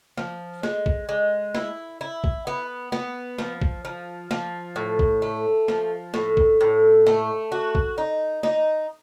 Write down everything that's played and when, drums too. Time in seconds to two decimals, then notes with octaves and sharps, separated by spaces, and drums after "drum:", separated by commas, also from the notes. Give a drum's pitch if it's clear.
0.17 F3, drum: snare
0.63 G#3, drum: snare
0.86 drum: kick
1.09 G#3
1.55 E4, drum: snare
2.01 E4
2.24 drum: kick
2.47 B3
2.92 B3, drum: snare
3.38 F3, drum: snare
3.62 drum: kick
3.85 F3
4.31 F3, drum: snare
4.76 A2
4.99 drum: kick
5.22 A3
5.68 F3, drum: snare
6.14 A2, drum: snare
6.37 drum: kick
6.61 A2
7.07 A3, drum: snare
7.52 F#4
7.75 drum: kick
7.98 D#4
8.43 D#4, drum: snare